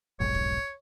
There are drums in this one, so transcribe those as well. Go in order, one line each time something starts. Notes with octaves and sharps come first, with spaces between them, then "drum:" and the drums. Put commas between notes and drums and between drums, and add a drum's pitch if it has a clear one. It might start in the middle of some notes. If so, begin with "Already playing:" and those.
F1 B1 G#2 C#5
drum: kick